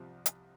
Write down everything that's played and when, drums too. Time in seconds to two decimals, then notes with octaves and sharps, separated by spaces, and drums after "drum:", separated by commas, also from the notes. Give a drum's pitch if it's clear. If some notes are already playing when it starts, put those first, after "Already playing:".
Already playing: C2 C3 F3
0.26 drum: hi-hat